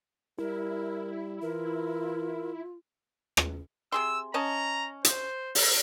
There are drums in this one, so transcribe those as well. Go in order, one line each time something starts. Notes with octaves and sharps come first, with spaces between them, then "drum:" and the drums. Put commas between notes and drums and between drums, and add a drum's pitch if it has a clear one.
G3 E4 A#4
E3 F4 A#4
drum: rim click
C3 G#4 C6 E6
C#4 D#5 A5 A#5
C5, drum: hi-hat
drum: open hi-hat